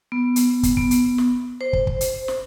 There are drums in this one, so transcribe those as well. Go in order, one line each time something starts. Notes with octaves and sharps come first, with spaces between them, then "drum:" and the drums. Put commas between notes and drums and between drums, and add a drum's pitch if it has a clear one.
B3
drum: hi-hat
drum: kick, hi-hat
B3, drum: kick
drum: hi-hat
drum: snare
C5
drum: kick
drum: kick
drum: hi-hat
drum: snare